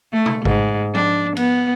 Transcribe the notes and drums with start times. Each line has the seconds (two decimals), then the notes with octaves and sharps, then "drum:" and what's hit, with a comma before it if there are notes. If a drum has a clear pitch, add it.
0.13 A3
0.26 drum: tom B2
0.45 G#2, drum: kick G#1
0.95 D4, drum: tom F3
1.37 B3, drum: cymbal